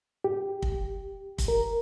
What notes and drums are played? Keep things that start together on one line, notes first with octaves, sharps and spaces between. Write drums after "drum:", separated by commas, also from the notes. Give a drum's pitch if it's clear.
G4
drum: kick
drum: kick, hi-hat
A#4